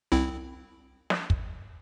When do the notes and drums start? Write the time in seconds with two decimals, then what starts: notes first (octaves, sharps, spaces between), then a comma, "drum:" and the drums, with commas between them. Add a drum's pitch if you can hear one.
0.12 C2 C4 E4
1.10 drum: snare
1.30 drum: kick